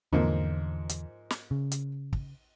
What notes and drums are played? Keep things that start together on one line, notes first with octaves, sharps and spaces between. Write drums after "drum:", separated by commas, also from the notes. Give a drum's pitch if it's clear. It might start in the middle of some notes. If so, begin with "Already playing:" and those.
E2 G#2 D3 F3 A#3
drum: hi-hat
drum: snare
C#3
drum: hi-hat
drum: kick